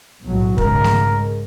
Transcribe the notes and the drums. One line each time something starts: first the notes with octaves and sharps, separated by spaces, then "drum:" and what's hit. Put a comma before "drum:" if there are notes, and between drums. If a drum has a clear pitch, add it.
B1 A2 F#3
G#2 C#3 A#4, drum: kick
drum: snare A3